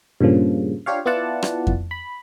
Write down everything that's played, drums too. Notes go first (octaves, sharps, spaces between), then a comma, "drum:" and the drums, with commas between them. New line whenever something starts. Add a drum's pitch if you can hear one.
G2 A#2 C#3 F3
D4 F4 G4 C#5 F5
B3 E4 F4 D5 F#5 A5
drum: rim click
drum: kick F2
B5